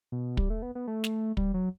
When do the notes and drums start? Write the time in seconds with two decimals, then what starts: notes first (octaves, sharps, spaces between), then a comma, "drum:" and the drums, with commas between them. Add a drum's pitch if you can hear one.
0.12 B2
0.37 G3, drum: kick
0.50 A3
0.62 B3
0.75 B3
0.87 A3
1.04 drum: snare
1.37 G3, drum: kick
1.54 F#3